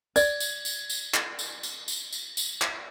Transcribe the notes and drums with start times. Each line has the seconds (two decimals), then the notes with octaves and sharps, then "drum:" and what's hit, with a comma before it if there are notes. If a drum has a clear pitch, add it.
0.16 D5 G#6, drum: tambourine
0.40 drum: tambourine
0.65 drum: tambourine
0.90 drum: tambourine
1.14 drum: clap
1.39 drum: tambourine
1.63 drum: tambourine
1.88 drum: tambourine
2.12 drum: tambourine
2.37 drum: tambourine
2.62 drum: clap